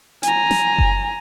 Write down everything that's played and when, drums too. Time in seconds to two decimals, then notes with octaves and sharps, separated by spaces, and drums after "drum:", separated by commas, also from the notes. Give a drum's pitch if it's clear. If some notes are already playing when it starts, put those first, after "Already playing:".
0.23 G#5 A#5, drum: hi-hat
0.51 drum: snare
0.78 drum: kick F#1